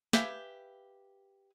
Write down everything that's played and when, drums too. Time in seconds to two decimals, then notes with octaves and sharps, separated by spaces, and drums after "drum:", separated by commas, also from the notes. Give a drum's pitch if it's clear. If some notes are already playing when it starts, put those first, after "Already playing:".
0.13 G4 B4 E5 F5 G#5, drum: snare